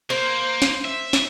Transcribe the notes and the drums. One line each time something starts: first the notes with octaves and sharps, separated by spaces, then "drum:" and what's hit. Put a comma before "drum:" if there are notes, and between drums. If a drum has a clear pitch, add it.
A#3 C5
drum: snare
E5
drum: snare